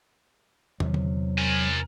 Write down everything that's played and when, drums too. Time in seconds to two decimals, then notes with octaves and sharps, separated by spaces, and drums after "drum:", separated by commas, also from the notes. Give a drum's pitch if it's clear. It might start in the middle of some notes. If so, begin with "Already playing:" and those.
0.80 E2 C3 F#3, drum: tom
0.94 drum: tom
1.38 A#4 G#5